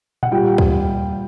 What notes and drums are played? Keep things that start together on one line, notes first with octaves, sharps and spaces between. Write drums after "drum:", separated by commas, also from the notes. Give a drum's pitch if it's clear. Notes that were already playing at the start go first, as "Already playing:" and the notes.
F#5, drum: tom A#2
A#2 G3 G5
drum: kick